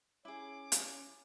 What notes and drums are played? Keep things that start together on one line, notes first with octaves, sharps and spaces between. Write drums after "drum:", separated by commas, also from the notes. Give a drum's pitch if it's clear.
C#4 E4 G#4 D6
drum: hi-hat